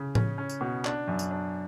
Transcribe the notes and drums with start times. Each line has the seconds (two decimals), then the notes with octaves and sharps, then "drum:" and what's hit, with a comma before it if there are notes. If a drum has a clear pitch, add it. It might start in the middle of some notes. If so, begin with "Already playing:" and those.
Already playing: C#3
0.15 C#4, drum: tom A2
0.38 C#4
0.50 drum: tambourine
0.61 B2
0.85 D4, drum: clap
1.08 F#2
1.19 drum: tambourine
1.31 D4